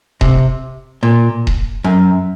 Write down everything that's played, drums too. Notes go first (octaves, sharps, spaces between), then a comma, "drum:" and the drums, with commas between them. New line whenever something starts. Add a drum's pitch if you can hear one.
C3, drum: kick D#1
A#2
drum: kick D#1
F#2